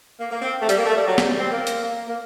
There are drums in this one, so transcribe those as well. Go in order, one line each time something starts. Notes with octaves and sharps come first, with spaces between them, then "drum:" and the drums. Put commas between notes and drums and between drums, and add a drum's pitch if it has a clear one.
A#3
A#3
C4
A3
G3, drum: hi-hat
A#3
A3
G3
F#3
G3, drum: snare
C4
A#3
drum: hi-hat
A#3
A#3